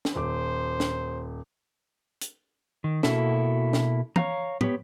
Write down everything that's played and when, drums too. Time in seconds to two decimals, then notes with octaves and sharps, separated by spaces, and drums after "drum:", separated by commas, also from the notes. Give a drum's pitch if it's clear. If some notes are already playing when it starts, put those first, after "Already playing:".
0.05 drum: snare
0.15 D#1 C5 D6
0.80 drum: snare
2.21 drum: hi-hat
2.84 D#3
3.03 B2 A#3 E4 F#4 A4, drum: snare
3.73 drum: snare
4.16 C#5 F5 A#5, drum: tom
4.61 B3 G4 C#5, drum: tom